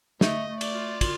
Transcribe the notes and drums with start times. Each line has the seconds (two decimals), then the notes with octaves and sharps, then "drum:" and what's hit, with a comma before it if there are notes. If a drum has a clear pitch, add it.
0.21 A3 D#5, drum: snare
0.48 A3
0.61 D5, drum: cymbal
0.74 F4
1.01 F4, drum: kick, cymbal